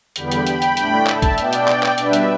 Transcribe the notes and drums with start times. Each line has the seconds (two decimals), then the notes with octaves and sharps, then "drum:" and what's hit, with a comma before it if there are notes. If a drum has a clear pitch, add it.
0.16 E2 D3 G3 B3 G5 B5, drum: hi-hat
0.31 drum: hi-hat
0.47 G5 B5, drum: hi-hat
0.62 drum: hi-hat
0.77 A2 A3 D4, drum: hi-hat
1.07 E5 A5, drum: clap
1.22 drum: kick, hi-hat
1.38 B2 B3 D4 D5 G5, drum: hi-hat
1.53 drum: hi-hat
1.68 drum: clap
1.83 drum: clap
1.98 B2 G3 D4 B4 E5, drum: hi-hat
2.13 drum: hi-hat